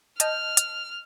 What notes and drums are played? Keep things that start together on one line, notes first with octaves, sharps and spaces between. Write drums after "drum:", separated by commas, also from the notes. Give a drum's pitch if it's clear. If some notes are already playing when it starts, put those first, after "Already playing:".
D#5 A5 F6 G6, drum: hi-hat
drum: hi-hat